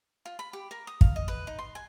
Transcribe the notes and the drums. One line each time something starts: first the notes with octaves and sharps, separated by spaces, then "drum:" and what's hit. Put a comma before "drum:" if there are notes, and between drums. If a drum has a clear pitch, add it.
F4
B5
G4
A#4
D#6
F5, drum: kick
D#5
B4
D#4
C6
G#5